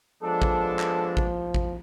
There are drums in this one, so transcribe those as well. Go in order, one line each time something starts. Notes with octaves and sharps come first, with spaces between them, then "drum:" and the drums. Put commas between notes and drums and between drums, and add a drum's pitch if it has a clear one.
F3 G#3 B3 D4 A4
drum: kick A1
drum: clap
drum: kick A1
drum: kick A1